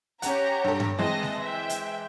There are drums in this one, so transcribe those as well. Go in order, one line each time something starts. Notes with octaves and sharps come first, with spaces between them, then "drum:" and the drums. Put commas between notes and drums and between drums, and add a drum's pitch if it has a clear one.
C#4 G4 C#5 F#5 A#5, drum: hi-hat
G2 A4
drum: tom G2
E3 G#3 C4 D#5 A5 A#6
drum: snare G#3
E5 G5
drum: hi-hat